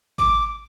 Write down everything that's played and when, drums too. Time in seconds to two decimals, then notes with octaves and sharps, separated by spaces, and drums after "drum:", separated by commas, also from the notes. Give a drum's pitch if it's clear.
0.18 D6, drum: kick G#1